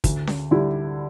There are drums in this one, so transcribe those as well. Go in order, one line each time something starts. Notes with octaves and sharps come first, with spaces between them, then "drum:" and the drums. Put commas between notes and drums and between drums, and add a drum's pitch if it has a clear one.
D2, drum: kick, hi-hat
drum: snare C#4
D3 G3 E4